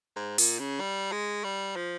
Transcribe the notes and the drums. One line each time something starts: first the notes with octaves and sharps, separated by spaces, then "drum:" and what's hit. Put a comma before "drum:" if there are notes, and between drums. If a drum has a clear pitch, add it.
G#2
A#2, drum: open hi-hat
C#3
G3
G#3
G3
F3